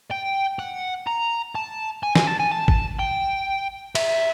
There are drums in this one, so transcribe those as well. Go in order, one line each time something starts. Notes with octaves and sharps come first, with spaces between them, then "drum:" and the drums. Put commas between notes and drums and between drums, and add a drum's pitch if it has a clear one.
G5
F#5
A#5
A5
G#5
G#5, drum: snare
A5
G#5
A5
drum: kick
G5
E5, drum: cymbal